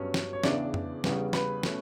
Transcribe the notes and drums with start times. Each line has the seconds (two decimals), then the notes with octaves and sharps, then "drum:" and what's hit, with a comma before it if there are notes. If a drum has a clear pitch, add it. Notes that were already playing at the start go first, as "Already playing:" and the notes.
Already playing: G2 F#3 B3 C#4 C#5
0.14 drum: snare
0.33 C#5
0.44 E2 C#3 E3 B3 D4 D5, drum: snare
0.74 drum: tom F2
1.04 E2 C#3 G3 B3, drum: snare
1.33 B4 B5, drum: snare
1.63 B2 A3 C#4, drum: snare